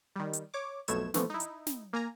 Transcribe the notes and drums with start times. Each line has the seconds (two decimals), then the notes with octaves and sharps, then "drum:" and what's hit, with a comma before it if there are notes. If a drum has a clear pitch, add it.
0.16 D#3 G3
0.33 drum: hi-hat
0.54 C#5 D6
0.88 B1 F2 B2 A3 G#6 E7, drum: hi-hat
1.14 B2 E3 F3 A3, drum: snare
1.30 D#4 E4
1.40 drum: hi-hat
1.67 drum: snare
1.93 A#3 G#5 A#5